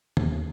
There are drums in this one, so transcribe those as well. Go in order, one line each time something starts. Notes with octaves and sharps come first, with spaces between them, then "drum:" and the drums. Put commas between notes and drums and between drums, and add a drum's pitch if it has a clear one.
D#2, drum: tom